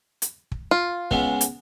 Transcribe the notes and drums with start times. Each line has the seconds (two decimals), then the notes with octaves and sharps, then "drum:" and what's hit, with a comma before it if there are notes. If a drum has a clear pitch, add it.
0.22 drum: hi-hat
0.52 drum: kick
0.71 F4
1.11 C#2 G#3 B3, drum: kick
1.41 drum: hi-hat